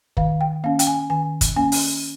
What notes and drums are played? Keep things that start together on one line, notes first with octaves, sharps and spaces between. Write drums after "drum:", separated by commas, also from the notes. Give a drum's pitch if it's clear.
D#3 F5, drum: kick
G5
A#3 C#4 F5
G5, drum: hi-hat
G#5
D#3 G#5
drum: kick, hi-hat
A#3 C#4 G#5
drum: open hi-hat